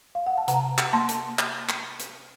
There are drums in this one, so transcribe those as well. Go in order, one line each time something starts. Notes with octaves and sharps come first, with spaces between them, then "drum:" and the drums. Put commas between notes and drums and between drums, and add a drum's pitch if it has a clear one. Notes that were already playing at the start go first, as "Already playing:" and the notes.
F5
F#5
A5
C3 F#5 A#5, drum: hi-hat
drum: clap
A#3 A5 C6
drum: hi-hat
drum: clap
drum: clap
drum: hi-hat